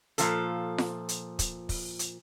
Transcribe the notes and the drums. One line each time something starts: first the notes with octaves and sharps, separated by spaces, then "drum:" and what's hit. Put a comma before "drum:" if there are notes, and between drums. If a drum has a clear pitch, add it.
A#2 F3 A4, drum: hi-hat
drum: snare F4
drum: hi-hat
drum: kick, hi-hat
drum: kick, open hi-hat
drum: hi-hat